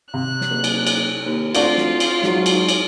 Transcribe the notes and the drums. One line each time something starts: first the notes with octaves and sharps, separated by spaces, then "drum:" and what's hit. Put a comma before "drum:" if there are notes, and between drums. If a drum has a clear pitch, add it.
C3 F#6
drum: snare
F#1
drum: cymbal
drum: cymbal
D#2
D2 C4 D4 F4 F#4, drum: cymbal
drum: snare
drum: cymbal
G#2 F#3, drum: snare
drum: cymbal
drum: cymbal